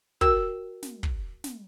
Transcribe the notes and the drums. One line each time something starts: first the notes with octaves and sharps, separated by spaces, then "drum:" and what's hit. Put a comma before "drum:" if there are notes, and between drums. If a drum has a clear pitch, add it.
F#4 A#4 G5 E6, drum: kick
drum: snare
drum: kick
drum: snare